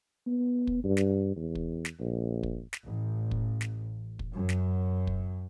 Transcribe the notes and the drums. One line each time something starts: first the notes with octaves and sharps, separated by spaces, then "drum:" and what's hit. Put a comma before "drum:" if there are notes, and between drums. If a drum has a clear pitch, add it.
B3
drum: kick
G2
drum: snare
E2
drum: kick
drum: snare
A#1
drum: kick
drum: snare
A1
drum: kick
drum: snare
drum: kick
F#2
drum: snare
drum: kick